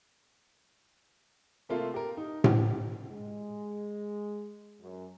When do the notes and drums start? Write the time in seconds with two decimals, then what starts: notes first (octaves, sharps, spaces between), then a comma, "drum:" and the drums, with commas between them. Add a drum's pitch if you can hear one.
1.69 C3 A3 A#3 F4 A4
1.94 G4 A#4
2.17 D#4
2.44 G4, drum: tom A2
3.08 G#3
4.81 F#2